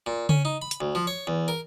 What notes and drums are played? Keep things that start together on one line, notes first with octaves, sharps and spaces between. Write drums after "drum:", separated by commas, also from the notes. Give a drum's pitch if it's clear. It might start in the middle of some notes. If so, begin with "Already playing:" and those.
A#2
C#4, drum: tom C#3
D#4
B5
drum: hi-hat
D2
F3
C#5
E2
A#4